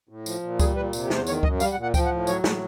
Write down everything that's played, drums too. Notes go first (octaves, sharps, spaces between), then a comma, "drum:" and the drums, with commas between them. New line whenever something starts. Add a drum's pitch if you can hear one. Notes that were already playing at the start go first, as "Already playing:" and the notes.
A2
F3, drum: tambourine
A#2
G3 G#4, drum: kick C#2, tambourine
A#2 B4
C3, drum: tambourine
G4
E2, drum: snare
C5
D#3 C#5, drum: tambourine
F#2 D#5, drum: kick C#2
G3 F5, drum: tambourine
F#5
A#2
F#5
F3 G5, drum: kick C#2, tambourine
F#5
A2
F#3 C#5, drum: tambourine
A2, drum: snare